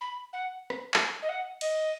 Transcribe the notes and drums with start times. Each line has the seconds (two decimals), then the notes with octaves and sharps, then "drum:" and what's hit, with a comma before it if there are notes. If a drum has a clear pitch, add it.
0.01 B5
0.33 F#5
0.70 drum: rim click
0.94 drum: clap
1.22 D#5
1.29 F#5
1.61 D#5, drum: cymbal